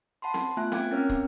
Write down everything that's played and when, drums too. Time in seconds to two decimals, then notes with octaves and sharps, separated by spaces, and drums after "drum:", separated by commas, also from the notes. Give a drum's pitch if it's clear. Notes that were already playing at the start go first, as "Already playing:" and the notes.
0.22 F#5 A5 B5 C6
0.34 drum: snare C4
0.57 A3 B3 F4 E5 G#5 F#6
0.72 F5 G5 D6 F#6 G#6, drum: snare C4
0.91 C4 C#4 A#4 C#5 G5 F6
1.09 drum: kick